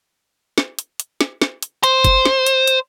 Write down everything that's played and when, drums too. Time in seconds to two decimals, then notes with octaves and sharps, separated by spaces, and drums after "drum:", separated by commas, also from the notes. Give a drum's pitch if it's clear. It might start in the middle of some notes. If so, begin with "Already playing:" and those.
0.58 drum: snare
0.79 drum: hi-hat
1.00 drum: hi-hat
1.21 drum: snare
1.42 drum: snare
1.63 drum: hi-hat
1.84 C5, drum: hi-hat
2.04 drum: kick, hi-hat
2.25 drum: snare
2.46 drum: hi-hat
2.67 drum: hi-hat